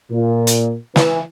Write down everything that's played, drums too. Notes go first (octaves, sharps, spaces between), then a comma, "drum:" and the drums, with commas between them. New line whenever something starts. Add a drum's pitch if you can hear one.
A#2
drum: hi-hat
E3, drum: snare